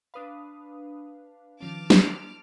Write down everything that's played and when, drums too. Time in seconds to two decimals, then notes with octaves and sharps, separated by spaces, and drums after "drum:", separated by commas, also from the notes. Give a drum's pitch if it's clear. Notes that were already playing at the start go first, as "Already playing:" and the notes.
0.14 D4 B4 F5 B5 D#6
1.61 D#3 F3 C#4 A5 D6 F6
1.90 drum: snare